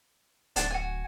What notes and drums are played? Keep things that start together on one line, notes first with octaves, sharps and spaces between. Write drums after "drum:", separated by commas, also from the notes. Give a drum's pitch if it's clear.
D1 D4 F#5 A5, drum: hi-hat
F#4 G#5